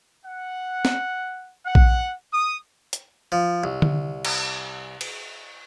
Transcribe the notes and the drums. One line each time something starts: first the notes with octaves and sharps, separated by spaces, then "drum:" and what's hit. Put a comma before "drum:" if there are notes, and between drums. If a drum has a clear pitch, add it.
F#5
drum: snare
F#5
drum: kick A#1
D#6
drum: hi-hat
F3
C2
drum: tom D3
drum: cymbal
drum: cymbal